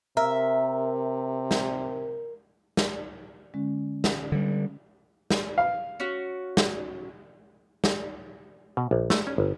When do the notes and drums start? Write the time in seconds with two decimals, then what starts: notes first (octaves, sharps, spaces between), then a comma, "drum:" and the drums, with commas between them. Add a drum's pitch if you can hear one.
0.17 C3 A#4 E5
1.51 drum: snare
2.77 drum: snare
3.54 D3 G#3 C#4
4.04 drum: snare
4.32 D3 G3
5.31 drum: snare
5.58 F5
6.00 C#4 F#4
6.57 drum: snare
7.84 drum: snare
8.77 B2
8.91 A#1
9.10 A3, drum: snare
9.27 C#4
9.38 G1